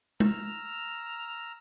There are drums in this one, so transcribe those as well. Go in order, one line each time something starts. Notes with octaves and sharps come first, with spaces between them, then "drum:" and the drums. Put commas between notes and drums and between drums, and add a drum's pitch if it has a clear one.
A#5 E6 F6, drum: tom G#3